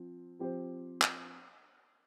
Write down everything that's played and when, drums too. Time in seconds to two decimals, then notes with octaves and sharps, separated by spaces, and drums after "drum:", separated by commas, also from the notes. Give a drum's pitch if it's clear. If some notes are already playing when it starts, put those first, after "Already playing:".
Already playing: F3 C4
0.39 F3 C4 G4 C5
1.02 drum: clap